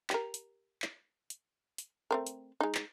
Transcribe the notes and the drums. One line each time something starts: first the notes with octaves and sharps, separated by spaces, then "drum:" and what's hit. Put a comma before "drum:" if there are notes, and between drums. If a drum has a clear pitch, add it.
G4 A#4, drum: clap
drum: hi-hat
drum: clap
drum: hi-hat
drum: hi-hat
A3 C4 A#4
drum: hi-hat
G#3 D#4
drum: clap